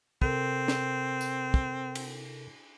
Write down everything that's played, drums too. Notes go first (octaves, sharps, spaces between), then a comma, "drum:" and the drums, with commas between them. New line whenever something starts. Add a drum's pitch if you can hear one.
C3 C4 A4 A#4, drum: kick
drum: snare
drum: tambourine
drum: kick
drum: cymbal